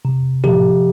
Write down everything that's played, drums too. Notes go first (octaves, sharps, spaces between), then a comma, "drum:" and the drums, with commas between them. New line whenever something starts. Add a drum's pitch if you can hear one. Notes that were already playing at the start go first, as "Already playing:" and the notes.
C3
F3 G4, drum: tom A2